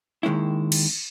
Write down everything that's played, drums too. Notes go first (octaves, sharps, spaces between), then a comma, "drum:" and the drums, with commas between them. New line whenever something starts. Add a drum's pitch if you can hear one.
D#2 D#3 G#3 C#4 E4
drum: cymbal